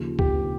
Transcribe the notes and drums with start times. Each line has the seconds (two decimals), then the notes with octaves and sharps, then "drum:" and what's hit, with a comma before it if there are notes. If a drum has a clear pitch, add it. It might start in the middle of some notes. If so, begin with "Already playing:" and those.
Already playing: D#2 C#3 F3
0.19 G4, drum: kick C#2